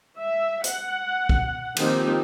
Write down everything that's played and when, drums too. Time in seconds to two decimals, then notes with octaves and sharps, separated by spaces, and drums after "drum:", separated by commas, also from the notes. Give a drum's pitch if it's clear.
0.18 E5
0.64 F#5, drum: hi-hat
1.29 drum: kick
1.77 D#3 F3 A#3 C4 D#4 G4, drum: cymbal